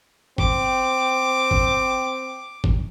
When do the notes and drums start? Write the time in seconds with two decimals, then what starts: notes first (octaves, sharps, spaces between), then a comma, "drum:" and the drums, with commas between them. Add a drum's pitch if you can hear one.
0.38 C4 D6, drum: kick G1
1.51 drum: kick G1
2.64 drum: kick G1